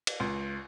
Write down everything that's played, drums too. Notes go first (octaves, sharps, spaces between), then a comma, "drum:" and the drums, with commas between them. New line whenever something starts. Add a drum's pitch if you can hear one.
drum: cymbal
C#2